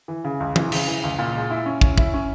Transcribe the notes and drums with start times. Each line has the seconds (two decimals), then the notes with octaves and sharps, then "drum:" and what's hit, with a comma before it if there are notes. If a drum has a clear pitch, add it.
0.08 E3
0.24 C#3
0.40 C#2
0.56 E3, drum: tom E3
0.72 C#3, drum: cymbal
0.88 E3
1.03 C#2
1.19 A#2
1.35 G#3
1.51 E4
1.66 C#4
1.81 C#4, drum: kick
1.98 E4, drum: kick
2.14 C#4